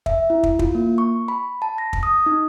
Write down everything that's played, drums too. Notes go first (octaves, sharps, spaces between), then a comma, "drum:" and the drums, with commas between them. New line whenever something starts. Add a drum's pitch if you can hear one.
E5, drum: kick
E4
drum: kick
F4, drum: kick
A#3
C#6
B5
A5
A#6
drum: kick
D#6
D#4